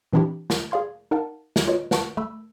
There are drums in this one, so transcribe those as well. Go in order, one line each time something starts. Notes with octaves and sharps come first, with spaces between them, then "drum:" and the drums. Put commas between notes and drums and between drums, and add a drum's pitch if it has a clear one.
A#2 E3 C4 D4 E4 G4
drum: snare
G#4 D5 F5 C6 G#6
D#4 A#4 F5 F#5 A5
drum: snare
F4 F#4 B4 C#5 D#5
B4 F#5 A5 C#6, drum: snare
A3 B5 E6